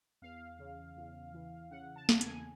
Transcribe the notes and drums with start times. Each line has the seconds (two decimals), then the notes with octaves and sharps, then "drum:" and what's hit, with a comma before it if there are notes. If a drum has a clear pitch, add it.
0.22 E2 F5
0.59 C#3
0.96 E2
1.33 E3
1.71 C#3 F#5
1.96 A5
2.09 E2, drum: snare
2.21 G#5, drum: hi-hat